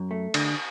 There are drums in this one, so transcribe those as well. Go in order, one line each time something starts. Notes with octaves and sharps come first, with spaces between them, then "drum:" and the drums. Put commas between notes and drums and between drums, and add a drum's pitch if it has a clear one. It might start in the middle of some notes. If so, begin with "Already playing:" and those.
Already playing: F#2
A3
D3, drum: cymbal